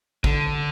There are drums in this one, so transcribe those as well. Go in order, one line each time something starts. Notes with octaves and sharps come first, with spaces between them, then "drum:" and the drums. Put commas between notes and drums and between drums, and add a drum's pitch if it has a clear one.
D3, drum: kick